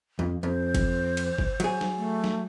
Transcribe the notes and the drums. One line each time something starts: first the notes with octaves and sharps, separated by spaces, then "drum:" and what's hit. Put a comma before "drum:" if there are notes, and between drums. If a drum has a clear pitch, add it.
F2
F2 C5
drum: kick G1, cymbal
drum: cymbal
drum: kick G1
F#3 G#4, drum: cymbal
drum: snare
A3
drum: snare